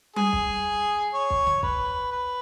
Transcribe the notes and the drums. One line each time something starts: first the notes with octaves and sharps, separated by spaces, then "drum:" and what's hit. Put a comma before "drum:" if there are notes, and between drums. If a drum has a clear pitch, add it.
G#4, drum: tom G3
drum: kick
C#5
drum: kick
drum: tom C2
B4, drum: kick
B4